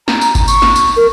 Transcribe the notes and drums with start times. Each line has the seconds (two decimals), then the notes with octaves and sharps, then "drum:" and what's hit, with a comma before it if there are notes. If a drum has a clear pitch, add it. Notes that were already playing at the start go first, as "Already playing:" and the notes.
0.08 A#5, drum: snare
0.21 drum: tambourine
0.35 drum: kick G#1, tambourine
0.48 C#6, drum: tambourine
0.62 drum: snare
0.76 drum: tambourine
0.96 A#4